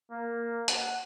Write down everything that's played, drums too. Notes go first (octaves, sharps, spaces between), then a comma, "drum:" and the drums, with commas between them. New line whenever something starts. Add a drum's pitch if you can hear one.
A#3
F#5, drum: hi-hat